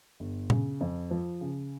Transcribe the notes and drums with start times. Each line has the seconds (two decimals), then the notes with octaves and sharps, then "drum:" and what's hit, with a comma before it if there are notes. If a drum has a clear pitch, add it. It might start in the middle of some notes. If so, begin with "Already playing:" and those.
0.20 G1
0.50 C#3, drum: tom
0.81 F2
1.11 F3
1.41 C#3